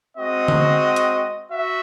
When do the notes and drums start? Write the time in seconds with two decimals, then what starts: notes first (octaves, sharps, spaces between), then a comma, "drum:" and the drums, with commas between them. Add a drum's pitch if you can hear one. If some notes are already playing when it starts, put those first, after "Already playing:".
0.17 G#3 C4 F#4 D#5
0.48 drum: tom D3
0.96 drum: hi-hat
1.51 F#4 E5